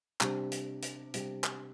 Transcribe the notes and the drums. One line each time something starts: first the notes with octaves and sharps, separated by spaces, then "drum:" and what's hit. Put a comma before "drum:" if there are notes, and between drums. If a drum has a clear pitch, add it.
C3 G3 D4 G4, drum: clap
drum: hi-hat
drum: hi-hat
C3 G3 D4 G4, drum: hi-hat
drum: clap